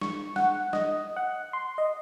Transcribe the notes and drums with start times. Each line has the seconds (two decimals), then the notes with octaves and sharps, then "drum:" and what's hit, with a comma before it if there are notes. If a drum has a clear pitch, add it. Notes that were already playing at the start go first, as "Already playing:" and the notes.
0.01 C#6, drum: snare
0.36 F#5, drum: snare
0.73 D#5, drum: snare
1.16 F#5
1.53 C6
1.78 D#5